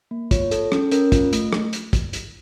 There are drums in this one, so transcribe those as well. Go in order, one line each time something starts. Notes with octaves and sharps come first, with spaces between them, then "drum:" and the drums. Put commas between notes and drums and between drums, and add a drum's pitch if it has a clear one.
A#3
F4 C#5, drum: kick, hi-hat
A4, drum: hi-hat
C#4, drum: rim click
C#4 A#4, drum: hi-hat
F4, drum: kick, hi-hat
A3, drum: hi-hat
drum: rim click
drum: hi-hat
drum: kick, hi-hat
drum: hi-hat